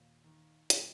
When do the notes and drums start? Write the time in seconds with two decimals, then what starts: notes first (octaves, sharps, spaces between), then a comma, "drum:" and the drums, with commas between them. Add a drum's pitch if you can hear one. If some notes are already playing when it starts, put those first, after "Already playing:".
Already playing: D#2 A#2
0.24 D#3
0.70 B2 G3, drum: hi-hat